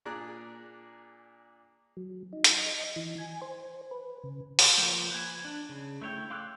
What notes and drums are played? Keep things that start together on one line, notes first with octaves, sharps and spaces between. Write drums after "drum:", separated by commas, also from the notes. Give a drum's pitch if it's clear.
A#2 D4 G#4 D5 A#5 F#6
F#3
D#4
drum: hi-hat
D#5
E3
G#5
C5
B4
C#3
drum: open hi-hat
F3 A#3 C5
B4 G#5
D4
C#3
A3 E4 C#5 G5
F5 C6 D6 E6 F#6